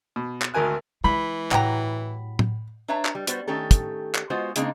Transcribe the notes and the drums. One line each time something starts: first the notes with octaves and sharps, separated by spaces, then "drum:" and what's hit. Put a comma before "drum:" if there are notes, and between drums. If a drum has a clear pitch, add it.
B2
drum: clap
G#1 D2 D#3 A#4 G#5 F#6
E3 G#3 B5
A2 F#3 G4 A#5, drum: clap
drum: tom
D4 B4 C#5 E5 A5 A#5
drum: clap
G3
G3 B3 F#4 C5, drum: hi-hat
D#3 A3 C#4 G4 A4
drum: kick, hi-hat
drum: clap
G#3 B3 F4 F#4 C5 F#5
C#3 G#3 A#3 C4 D4 D#4, drum: hi-hat